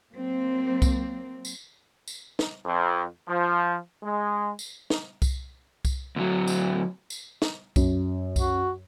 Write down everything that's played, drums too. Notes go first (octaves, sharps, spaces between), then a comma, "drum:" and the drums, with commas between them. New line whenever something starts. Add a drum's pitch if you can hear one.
F#3 A#3 C4
drum: kick C2, tambourine
drum: tambourine
drum: tambourine
drum: snare
F2
F3
G#3
drum: tambourine
drum: snare
drum: kick C2, tambourine
drum: kick C2, tambourine
D2 F#3
drum: tambourine
drum: tambourine
drum: snare
F#2, drum: kick C2, tambourine
F#4, drum: kick C2, tambourine